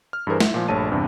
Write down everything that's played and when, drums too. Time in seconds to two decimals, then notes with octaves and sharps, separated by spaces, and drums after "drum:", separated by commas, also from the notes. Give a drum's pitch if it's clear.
0.13 F6
0.27 G2 E3 G#4 A#4 C5
0.40 E5, drum: snare
0.54 A#2 F3
0.68 A#1 G2 A3 C#5 A5 D#7
0.91 E2 G2 C3 D4